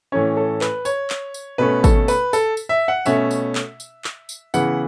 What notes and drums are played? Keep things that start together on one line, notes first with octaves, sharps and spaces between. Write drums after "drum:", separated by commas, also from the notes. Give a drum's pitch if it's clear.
A2 E3 A3 C#4 C#5
A4
B4, drum: clap
C#5, drum: tambourine
drum: clap
drum: tambourine
B2 A3 C#4 B4
A4, drum: kick, tambourine
B4, drum: tambourine
A4, drum: tambourine
drum: tambourine
E5
F#5
B2 A3 C#4 E5, drum: tambourine
drum: tambourine
drum: clap
drum: tambourine
drum: clap
drum: tambourine
C#3 E3 B3 F#5, drum: tambourine